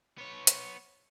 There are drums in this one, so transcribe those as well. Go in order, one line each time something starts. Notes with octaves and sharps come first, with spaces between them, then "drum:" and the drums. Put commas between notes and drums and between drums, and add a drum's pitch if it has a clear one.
B3 C#5
drum: hi-hat